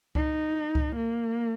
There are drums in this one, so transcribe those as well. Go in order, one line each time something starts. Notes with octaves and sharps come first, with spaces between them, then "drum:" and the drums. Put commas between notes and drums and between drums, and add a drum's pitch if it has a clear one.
D#4, drum: kick C#2
drum: kick C#2
A#3